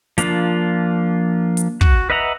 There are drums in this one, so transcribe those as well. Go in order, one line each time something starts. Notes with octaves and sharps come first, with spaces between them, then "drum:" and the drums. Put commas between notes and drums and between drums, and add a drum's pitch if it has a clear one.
F3 A#3 D4 F4, drum: hi-hat
drum: hi-hat
F#4, drum: kick
B4 D#5 E5 F#5 A#5